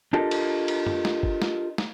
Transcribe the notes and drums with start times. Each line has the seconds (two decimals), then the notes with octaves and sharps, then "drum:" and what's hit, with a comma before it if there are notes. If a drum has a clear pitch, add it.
0.13 D4 F4 G4 A4 A#4 D#5
0.31 drum: cymbal
0.68 drum: cymbal
0.86 drum: tom F#2
1.05 drum: snare
1.23 drum: kick
1.42 drum: snare
1.78 drum: snare